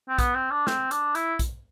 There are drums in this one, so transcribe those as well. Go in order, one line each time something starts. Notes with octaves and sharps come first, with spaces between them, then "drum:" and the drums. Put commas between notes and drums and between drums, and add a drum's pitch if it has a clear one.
C4
B3, drum: kick A#1, hi-hat
C4
D4
C4, drum: snare
D4, drum: hi-hat
E4, drum: hi-hat
drum: kick A#1, hi-hat